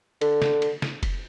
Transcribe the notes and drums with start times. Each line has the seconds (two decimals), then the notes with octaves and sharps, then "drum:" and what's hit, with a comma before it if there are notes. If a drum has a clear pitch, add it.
0.21 D3, drum: cymbal
0.42 drum: snare
0.62 drum: cymbal
0.82 drum: snare
1.03 drum: kick F1, cymbal